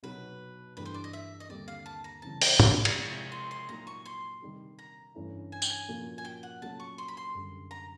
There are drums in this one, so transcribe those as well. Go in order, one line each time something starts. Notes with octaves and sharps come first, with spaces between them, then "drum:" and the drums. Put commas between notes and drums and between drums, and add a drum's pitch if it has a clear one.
B2 F#3 B3 D#4 B4
G2 E3 A3 D4 G4 B4
C5
D5
D#5
E5
D#5
D#2 D3 G3 C4 D5
F5
A5
A#5
C#3 E3 G3 C4 A5
A#5, drum: open hi-hat
B5, drum: tom
drum: cymbal
C3 F3 G#3 C4 E4
C6
C6
A#2 F#3 A#3 D#4 A#5
C#6
C6
D#3 G3 C4 D#4 G4
A#5
G2 E3 A3 C#4 E4
G#5
G5, drum: tambourine
G#5
A#2 F3 A#3 C#4 F#4
G#5
G5
F#5
A#2 F#3 A3 C#4 A5
C#6
C6
B5
C6
F#2 D3 G3
A#5